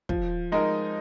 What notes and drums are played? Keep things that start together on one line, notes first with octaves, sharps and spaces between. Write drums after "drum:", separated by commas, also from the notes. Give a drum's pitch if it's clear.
F3, drum: kick
G#3 D#4 A#4